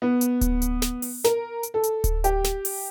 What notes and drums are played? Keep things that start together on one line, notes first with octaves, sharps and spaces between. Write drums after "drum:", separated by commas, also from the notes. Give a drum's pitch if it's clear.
B3
drum: hi-hat
drum: kick D1, hi-hat
drum: hi-hat
drum: snare
drum: open hi-hat
A#4, drum: snare
drum: hi-hat
A4
drum: hi-hat
drum: kick D1, hi-hat
G4, drum: hi-hat
drum: snare
drum: open hi-hat